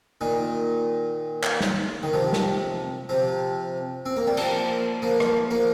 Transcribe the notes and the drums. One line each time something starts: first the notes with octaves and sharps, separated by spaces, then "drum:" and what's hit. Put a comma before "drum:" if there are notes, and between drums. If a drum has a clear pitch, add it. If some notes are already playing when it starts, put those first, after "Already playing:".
A#2 D#3
drum: clap
drum: snare
D#3
C3 F3
drum: snare
C3 F3
C4
A#3
G3
F3 A#3, drum: cymbal
F3 A#3
drum: rim click
F3 A#3